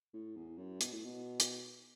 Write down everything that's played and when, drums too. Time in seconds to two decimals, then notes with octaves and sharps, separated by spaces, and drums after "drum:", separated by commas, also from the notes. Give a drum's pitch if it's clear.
0.13 A2
0.36 E2
0.58 F#2
0.81 B2, drum: hi-hat
0.92 A2
1.04 B2
1.40 drum: hi-hat